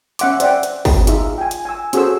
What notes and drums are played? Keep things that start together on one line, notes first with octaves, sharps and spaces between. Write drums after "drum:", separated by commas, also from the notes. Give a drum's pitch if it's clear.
C#4 E5 F#5 C6 D6, drum: hi-hat
C5 D5 E5 F#5 G5, drum: hi-hat
drum: hi-hat
drum: kick, open hi-hat
D#4 F4 G#4 E5, drum: hi-hat
G5 G#5
drum: hi-hat
G#5 E6
C#4 F#4 G#4 A4 C5 E6, drum: hi-hat